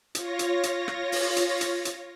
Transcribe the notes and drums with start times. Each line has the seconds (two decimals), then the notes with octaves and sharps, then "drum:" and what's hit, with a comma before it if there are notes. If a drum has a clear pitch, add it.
0.15 F4 C#5 A#6, drum: hi-hat
0.39 drum: hi-hat
0.63 drum: hi-hat
0.88 drum: rim click
1.12 drum: open hi-hat
1.36 drum: hi-hat
1.61 drum: hi-hat
1.85 drum: hi-hat